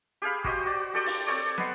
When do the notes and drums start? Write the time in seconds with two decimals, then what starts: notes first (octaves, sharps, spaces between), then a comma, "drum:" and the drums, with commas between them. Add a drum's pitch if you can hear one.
0.22 G4 G#4 F5 B5
0.44 F#4 G4 C5 D#5, drum: kick
0.66 F#4 D5
0.93 G4 A4 D5 G5
1.06 drum: open hi-hat
1.27 C4 A4 C#5 D5
1.58 B4 D#5 F#5 C6, drum: snare